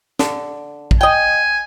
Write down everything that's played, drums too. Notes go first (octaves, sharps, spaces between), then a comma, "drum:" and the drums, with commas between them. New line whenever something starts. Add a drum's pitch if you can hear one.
D3, drum: snare
drum: kick
D#5 G5 G#5